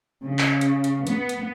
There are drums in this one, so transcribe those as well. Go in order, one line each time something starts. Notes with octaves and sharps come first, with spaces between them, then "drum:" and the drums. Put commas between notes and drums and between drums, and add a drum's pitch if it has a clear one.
C#3
drum: clap
drum: hi-hat
drum: hi-hat
B3, drum: hi-hat
drum: hi-hat